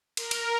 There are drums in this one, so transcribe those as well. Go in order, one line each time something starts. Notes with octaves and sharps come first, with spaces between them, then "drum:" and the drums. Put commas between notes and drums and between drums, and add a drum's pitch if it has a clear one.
A#4, drum: cymbal
drum: cymbal